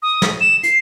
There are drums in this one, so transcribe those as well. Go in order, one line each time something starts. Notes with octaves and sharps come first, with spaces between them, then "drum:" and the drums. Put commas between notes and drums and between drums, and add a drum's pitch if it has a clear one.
D#6
drum: snare
E7
C7, drum: hi-hat